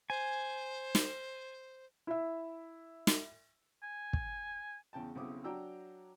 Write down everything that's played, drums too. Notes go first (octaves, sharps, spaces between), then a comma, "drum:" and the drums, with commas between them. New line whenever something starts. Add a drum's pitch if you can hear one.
C5 G#5
drum: snare
E4 E5
drum: snare
G#5
drum: kick
E2 C#3 G5 A5
B1 C#3 C4 E4 D6 D#6
F#3 D4 G5 A#5 D6 E6